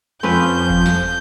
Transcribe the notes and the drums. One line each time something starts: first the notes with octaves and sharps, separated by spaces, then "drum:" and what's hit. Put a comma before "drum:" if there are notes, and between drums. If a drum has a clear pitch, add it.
F2 F3 C4 C#4 B4 G6
drum: kick F#1
drum: snare